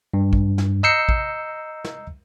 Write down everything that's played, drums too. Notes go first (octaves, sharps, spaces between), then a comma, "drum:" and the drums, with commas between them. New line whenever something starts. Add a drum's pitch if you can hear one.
G2
drum: kick
drum: snare
D#5 A#5 E6 G6 C7 C#7
drum: kick
drum: snare